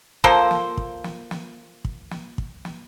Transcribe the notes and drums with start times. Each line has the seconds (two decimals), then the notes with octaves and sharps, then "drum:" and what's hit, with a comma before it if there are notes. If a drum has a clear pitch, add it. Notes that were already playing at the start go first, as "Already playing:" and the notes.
0.24 F3 A#3 A4 C5, drum: kick
0.51 drum: snare
0.77 drum: kick
1.04 drum: snare
1.31 drum: snare
1.85 drum: kick
2.11 drum: snare
2.38 drum: kick
2.65 drum: snare